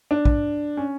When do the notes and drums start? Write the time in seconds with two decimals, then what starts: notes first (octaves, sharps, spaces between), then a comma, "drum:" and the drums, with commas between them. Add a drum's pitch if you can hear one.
0.11 D4
0.25 drum: kick
0.77 C#4